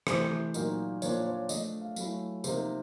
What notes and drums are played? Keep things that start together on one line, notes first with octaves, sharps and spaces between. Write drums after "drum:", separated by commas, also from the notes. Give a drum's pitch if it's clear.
C3 E3 A3 C5, drum: rim click
A#2 F#3 A#3 D#4, drum: tambourine
A#2 F3 A#3 D4 F4 C#5, drum: tambourine
C#5
F3 A3 D4 D#5, drum: tambourine
F5
F#3 A3 C#4 E4, drum: tambourine
C3 F3 A#3 D#4, drum: tambourine